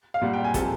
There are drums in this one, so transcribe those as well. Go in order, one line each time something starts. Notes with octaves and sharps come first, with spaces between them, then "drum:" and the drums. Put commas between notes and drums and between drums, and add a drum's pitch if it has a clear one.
F5
A#2 G3 F#5
G5
G#5
C3 F3 A4 A5, drum: kick, hi-hat